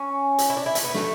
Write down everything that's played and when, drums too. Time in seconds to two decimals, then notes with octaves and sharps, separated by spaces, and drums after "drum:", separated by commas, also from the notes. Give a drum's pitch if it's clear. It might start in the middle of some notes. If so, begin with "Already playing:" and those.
Already playing: C#4
0.38 drum: hi-hat
0.50 E4
0.57 D4
0.66 E4
0.75 A3, drum: hi-hat
0.84 B3
0.94 A3, drum: snare